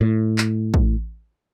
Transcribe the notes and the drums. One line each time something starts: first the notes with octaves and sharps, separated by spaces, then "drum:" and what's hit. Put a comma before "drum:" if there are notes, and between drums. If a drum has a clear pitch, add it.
A2
drum: clap
drum: kick